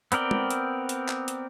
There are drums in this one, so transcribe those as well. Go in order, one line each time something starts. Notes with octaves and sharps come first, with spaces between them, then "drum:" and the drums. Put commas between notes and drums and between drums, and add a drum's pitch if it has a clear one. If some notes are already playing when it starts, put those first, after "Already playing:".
B3 C4 A#4 D5 G5, drum: hi-hat
drum: tom
drum: hi-hat
drum: hi-hat
drum: clap
drum: hi-hat